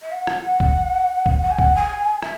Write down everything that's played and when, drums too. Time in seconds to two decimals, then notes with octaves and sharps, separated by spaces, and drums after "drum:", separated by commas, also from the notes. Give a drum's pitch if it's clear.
0.02 E5
0.12 F#5
0.27 drum: rim click
0.60 drum: kick
1.26 drum: kick
1.42 F#5
1.51 G#5
1.59 F#5, drum: kick
1.75 G#5
2.23 E5, drum: rim click